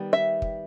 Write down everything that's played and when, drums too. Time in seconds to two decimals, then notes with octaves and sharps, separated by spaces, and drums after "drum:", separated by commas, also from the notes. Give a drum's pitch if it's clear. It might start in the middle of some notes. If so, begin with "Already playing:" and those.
Already playing: D#3 G3 B3
0.13 E5
0.42 drum: kick